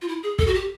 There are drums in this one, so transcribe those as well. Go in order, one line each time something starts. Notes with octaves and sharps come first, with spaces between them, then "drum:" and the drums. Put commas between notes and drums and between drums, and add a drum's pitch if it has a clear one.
F4
E4
G#4
A4, drum: kick
F#4
G4